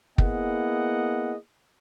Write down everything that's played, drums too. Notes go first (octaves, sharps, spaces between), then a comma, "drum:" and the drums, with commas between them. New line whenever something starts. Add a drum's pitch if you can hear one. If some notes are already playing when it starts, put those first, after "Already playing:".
A#3 B3 E4 G#4 D#5 F#5, drum: kick